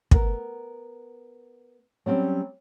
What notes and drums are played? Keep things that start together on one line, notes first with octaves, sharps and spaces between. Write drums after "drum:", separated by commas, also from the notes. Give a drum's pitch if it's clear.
B3 A#4, drum: kick
F#3 G3 C4 C#4